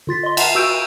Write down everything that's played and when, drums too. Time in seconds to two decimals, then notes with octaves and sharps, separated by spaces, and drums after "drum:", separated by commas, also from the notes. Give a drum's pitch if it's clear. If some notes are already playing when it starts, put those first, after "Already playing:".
0.07 D3 F4 A6 B6
0.23 D#5 C6
0.37 E5 F#5 A5 A#5 C7, drum: cymbal
0.55 F#4 E6 G6 D7 D#7